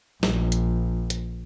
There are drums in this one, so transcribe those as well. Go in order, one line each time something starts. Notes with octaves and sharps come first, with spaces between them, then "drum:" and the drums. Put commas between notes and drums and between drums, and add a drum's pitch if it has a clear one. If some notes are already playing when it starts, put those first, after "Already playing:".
A#1, drum: snare
drum: hi-hat
drum: hi-hat